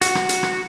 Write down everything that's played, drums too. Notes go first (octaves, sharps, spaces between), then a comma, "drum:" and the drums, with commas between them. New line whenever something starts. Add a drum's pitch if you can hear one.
F#4, drum: hi-hat
drum: rim click
drum: hi-hat
drum: rim click